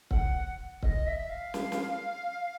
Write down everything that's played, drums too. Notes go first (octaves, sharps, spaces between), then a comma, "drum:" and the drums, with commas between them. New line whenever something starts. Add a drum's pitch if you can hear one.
F#5, drum: kick C#1
D#5, drum: kick C#1
E5
E5
F5
drum: snare
drum: snare